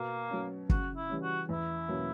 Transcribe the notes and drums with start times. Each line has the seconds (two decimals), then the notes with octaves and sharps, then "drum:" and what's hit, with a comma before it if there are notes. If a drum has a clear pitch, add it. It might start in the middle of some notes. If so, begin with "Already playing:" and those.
Already playing: B2 A#3
0.30 F#3 C#4
0.69 C#3 F#4, drum: kick
0.96 E4
1.09 E3 G3 C#4
1.22 F#4
1.49 E2 E4
1.88 B2 F#3 A#3 C#4